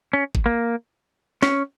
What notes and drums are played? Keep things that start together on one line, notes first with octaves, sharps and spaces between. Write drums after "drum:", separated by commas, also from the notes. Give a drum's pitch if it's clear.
C#4
drum: kick
A#3
C#4, drum: snare